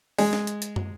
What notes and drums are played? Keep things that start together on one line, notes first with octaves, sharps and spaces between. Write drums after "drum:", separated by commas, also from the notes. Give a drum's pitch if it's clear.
G#3, drum: open hi-hat
drum: snare
drum: hi-hat
drum: hi-hat
drum: tom